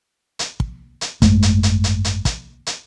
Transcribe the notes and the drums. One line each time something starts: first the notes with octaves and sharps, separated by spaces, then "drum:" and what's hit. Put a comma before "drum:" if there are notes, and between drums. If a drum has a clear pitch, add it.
drum: hi-hat
drum: kick
drum: hi-hat
G#1 F#2 G#3 A3, drum: kick, hi-hat
drum: hi-hat
drum: hi-hat
drum: hi-hat
drum: hi-hat
drum: kick, hi-hat
drum: hi-hat